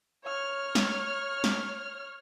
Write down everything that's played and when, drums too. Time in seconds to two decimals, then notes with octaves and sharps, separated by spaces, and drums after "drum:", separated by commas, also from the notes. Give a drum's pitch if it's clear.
0.24 C#5 F6
0.75 drum: snare
1.44 drum: snare